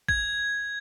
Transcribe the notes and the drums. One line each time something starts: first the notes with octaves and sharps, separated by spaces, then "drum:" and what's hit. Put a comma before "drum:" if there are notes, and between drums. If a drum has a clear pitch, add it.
G#6, drum: kick A1